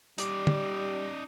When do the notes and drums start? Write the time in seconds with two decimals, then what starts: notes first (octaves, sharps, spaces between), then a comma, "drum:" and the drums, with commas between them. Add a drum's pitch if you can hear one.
0.18 G3 D#4 D5, drum: hi-hat
0.47 drum: tom